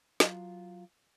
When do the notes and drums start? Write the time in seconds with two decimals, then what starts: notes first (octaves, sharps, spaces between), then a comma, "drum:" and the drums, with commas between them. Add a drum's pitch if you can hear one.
0.20 F#3 F4, drum: snare